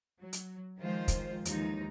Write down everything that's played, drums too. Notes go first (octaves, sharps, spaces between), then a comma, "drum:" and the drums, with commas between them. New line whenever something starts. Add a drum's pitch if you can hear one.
F#3
drum: hi-hat
D#3 F3 G#3 F4 C5
drum: kick, hi-hat
D#2 E3 F3 G#3 D#4, drum: hi-hat